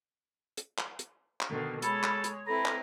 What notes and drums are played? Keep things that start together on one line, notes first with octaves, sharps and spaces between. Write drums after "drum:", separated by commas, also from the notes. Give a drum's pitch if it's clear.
drum: hi-hat
drum: clap
drum: hi-hat
drum: clap
B2 D3 D#3
G#3 A4 C#5 B5, drum: hi-hat
drum: clap
drum: hi-hat
C4 E4 A4 B4 A#5 B5
drum: clap